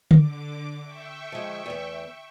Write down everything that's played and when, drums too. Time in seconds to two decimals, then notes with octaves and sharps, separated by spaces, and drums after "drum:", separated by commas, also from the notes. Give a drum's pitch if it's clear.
0.11 D3 D6, drum: tom D3
0.84 E5 G5 C#6
1.32 F3 G#3
1.66 E2 A3